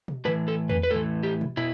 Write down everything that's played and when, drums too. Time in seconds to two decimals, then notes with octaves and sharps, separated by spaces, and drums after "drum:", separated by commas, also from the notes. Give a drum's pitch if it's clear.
0.08 drum: tom B2
0.25 A2 E3 B4
0.48 A4
0.69 B4, drum: tom E2
0.83 B4
0.91 A2 E3 A4
1.23 G4
1.41 drum: tom B2
1.57 B2 E4